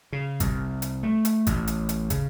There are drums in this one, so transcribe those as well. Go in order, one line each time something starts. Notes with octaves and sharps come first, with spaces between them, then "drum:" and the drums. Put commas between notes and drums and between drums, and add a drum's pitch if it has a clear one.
C#3
C2, drum: kick, hi-hat
drum: hi-hat
A3
drum: hi-hat
A1, drum: kick, hi-hat
drum: hi-hat
drum: hi-hat
C#3, drum: kick, hi-hat